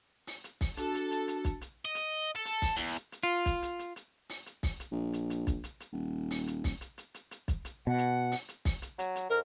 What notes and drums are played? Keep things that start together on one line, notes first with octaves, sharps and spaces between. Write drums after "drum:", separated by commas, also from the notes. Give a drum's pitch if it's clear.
drum: open hi-hat
drum: hi-hat
drum: kick, open hi-hat
D4 F#4 A4, drum: hi-hat
drum: hi-hat
drum: hi-hat
drum: hi-hat
drum: kick, hi-hat
drum: hi-hat
D#5
drum: hi-hat
A4
drum: hi-hat
drum: kick, open hi-hat
E2, drum: hi-hat
drum: hi-hat
drum: hi-hat
F4
drum: kick, hi-hat
drum: hi-hat
drum: hi-hat
drum: hi-hat
drum: open hi-hat
drum: hi-hat
drum: kick, open hi-hat
drum: hi-hat
A#1
drum: hi-hat
drum: hi-hat
drum: kick, hi-hat
drum: hi-hat
drum: hi-hat
D#1
drum: open hi-hat
drum: hi-hat
drum: kick, open hi-hat
drum: hi-hat
drum: hi-hat
drum: hi-hat
drum: hi-hat
drum: kick, hi-hat
drum: hi-hat
B2 F#5
drum: hi-hat
drum: open hi-hat
drum: hi-hat
drum: kick, open hi-hat
drum: hi-hat
F#3, drum: hi-hat
drum: hi-hat
F2 A#4